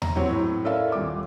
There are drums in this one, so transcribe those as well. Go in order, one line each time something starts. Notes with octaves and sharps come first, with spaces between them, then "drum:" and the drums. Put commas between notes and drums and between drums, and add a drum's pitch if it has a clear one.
A#5, drum: tom E2
E3 F#3 C4 G4 C#5
A2
C#4 A4 A#4 D5 E5 F5
D#1 D6